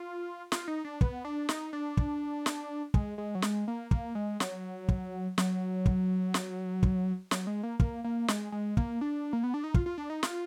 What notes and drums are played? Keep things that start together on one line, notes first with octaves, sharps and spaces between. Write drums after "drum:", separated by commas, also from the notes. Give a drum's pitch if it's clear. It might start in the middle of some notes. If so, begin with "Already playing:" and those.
Already playing: F4
F4, drum: snare
D#4
D4
B3, drum: kick
D4
D#4, drum: snare
D4
drum: kick
drum: snare
G#3, drum: kick
G#3
F#3
G#3, drum: snare
A#3
A#3, drum: kick
G#3
F#3, drum: snare
drum: kick
F#3, drum: snare
drum: kick
drum: snare
drum: kick
F#3, drum: snare
G#3
A#3
A#3, drum: kick
A#3
G#3, drum: snare
G#3
A#3, drum: kick
D4
A#3
B3
D4
D#4
F4, drum: kick
F4
D4
D#4
F4, drum: snare